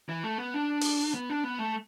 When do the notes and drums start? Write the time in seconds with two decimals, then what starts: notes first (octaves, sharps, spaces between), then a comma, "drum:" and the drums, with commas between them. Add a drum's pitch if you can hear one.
0.09 E3
0.24 A3
0.38 B3
0.54 D4
0.81 drum: open hi-hat
1.14 B3
1.30 D4
1.44 B3
1.59 A3